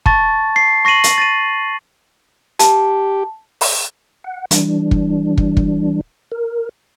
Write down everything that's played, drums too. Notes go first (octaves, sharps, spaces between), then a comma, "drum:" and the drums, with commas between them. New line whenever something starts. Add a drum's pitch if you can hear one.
A5 C#6 A6, drum: kick
C7
C#6 A#6 C7 D#7 F#7
drum: hi-hat
A6 A#6 D#7
G4 A5, drum: hi-hat
drum: open hi-hat
F#5
E3 G3 D4, drum: hi-hat
drum: kick
drum: kick
drum: kick
A#4